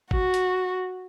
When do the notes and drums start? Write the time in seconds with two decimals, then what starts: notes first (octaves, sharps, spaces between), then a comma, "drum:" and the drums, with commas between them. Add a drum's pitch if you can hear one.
0.11 F#4, drum: kick G1
0.34 drum: hi-hat